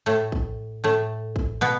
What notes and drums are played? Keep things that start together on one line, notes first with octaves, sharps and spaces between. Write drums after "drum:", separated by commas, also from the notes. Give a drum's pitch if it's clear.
A2 A3
drum: kick
A2 A3
drum: kick
B2 B3